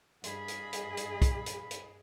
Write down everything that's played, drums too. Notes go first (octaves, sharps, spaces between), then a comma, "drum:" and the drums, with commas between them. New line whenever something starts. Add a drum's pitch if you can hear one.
G2 G#4 D#5 F5 B5, drum: hi-hat
drum: hi-hat
drum: hi-hat
drum: hi-hat
drum: kick B1, hi-hat
drum: hi-hat
drum: hi-hat